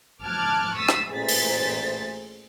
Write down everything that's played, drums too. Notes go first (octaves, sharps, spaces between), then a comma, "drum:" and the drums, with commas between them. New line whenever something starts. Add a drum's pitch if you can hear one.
A5 D6 F6 F#6 G#6
C#6 D#6 E6 A6 B6 C7
drum: rim click
A1 A#2 G#4 C5 A6 B6
drum: open hi-hat